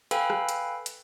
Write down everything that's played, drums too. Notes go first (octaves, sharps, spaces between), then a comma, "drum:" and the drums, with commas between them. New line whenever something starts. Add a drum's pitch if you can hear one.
A4 B4 F5 G5 G#5 B5, drum: hi-hat
drum: rim click
drum: hi-hat
drum: hi-hat